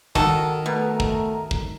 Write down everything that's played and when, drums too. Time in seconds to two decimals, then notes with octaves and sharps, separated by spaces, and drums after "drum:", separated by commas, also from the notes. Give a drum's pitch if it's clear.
0.15 D#3 F#4 A4 A#5, drum: kick
0.66 B2 A3
1.00 drum: kick
1.51 drum: kick